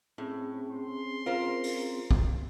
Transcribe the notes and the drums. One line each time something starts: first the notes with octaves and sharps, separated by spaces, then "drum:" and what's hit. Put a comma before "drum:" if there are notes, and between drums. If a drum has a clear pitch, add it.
A2 C4 C#4 G#4
C6
F4 A#4 C5
drum: open hi-hat
drum: kick